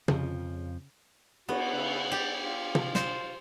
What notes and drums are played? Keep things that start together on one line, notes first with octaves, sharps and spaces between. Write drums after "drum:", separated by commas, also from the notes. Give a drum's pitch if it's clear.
F2 C#3 F3, drum: tom
B3 F#4, drum: cymbal
C#3 B4 E5
G4 D5
F4
drum: tom
C5, drum: snare